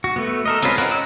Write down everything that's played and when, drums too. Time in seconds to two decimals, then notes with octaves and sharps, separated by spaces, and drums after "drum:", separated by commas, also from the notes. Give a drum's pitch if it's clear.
0.04 F#4
0.16 A3 B3
0.46 A4 A#4 D#5
0.63 G#3 C4 C#4 F4 B4, drum: hi-hat
0.78 C#4 A#4 F#5, drum: hi-hat
0.91 D#5 E6